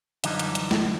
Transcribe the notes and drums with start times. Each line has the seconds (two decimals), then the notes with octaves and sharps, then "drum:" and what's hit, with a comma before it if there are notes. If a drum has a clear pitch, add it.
0.24 F#2 D3 E3 F3 G3 D#4, drum: hi-hat
0.39 drum: hi-hat
0.55 drum: hi-hat
0.71 drum: snare